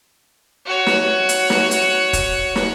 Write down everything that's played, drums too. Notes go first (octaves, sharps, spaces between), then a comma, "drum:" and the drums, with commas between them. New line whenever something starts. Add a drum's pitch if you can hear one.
F#4 C#5
drum: snare
drum: hi-hat
drum: snare
drum: hi-hat
drum: kick, hi-hat
drum: snare